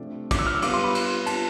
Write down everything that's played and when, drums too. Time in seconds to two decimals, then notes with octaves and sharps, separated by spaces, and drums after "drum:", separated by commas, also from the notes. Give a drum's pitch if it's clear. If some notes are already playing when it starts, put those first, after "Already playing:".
Already playing: C3 F3 A3 D4 G4
0.31 D6, drum: kick, cymbal
0.39 E6
0.47 F6
0.55 E6
0.62 G3 B3 F4 D6, drum: cymbal
0.74 C6
0.84 B5
0.95 drum: cymbal
1.26 A5, drum: cymbal